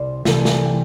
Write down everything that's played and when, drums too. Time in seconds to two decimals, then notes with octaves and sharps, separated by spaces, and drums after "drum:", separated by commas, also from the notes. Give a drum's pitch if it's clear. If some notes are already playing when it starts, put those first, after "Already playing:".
Already playing: C2 C3 C5 D5
0.25 C2 C3 E3 A3 A4, drum: snare
0.45 drum: snare
0.65 G5